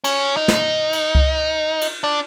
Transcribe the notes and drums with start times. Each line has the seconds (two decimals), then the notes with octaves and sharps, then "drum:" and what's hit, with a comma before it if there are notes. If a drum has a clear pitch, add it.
0.04 C#4, drum: cymbal
0.37 D#4
0.48 drum: snare
0.93 drum: cymbal
1.15 drum: kick C#2
1.81 drum: cymbal
2.04 D4